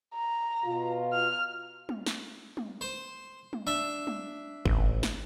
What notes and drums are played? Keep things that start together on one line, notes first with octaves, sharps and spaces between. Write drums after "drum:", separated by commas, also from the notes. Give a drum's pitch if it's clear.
A#5
B2 F4
F6
drum: tom
drum: snare
drum: tom
C5
drum: tom
D4 E5
drum: tom
A1, drum: kick
drum: snare